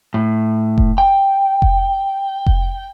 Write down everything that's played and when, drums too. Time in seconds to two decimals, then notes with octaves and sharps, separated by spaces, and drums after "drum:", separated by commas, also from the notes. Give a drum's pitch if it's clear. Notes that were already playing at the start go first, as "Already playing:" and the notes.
0.14 A2
0.78 drum: kick F1
0.98 G5
1.62 drum: kick F1
2.46 drum: kick F1